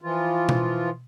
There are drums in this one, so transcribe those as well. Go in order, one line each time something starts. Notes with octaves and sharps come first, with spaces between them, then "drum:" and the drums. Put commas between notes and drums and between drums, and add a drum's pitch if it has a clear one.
E3 F3 F4
drum: tom B2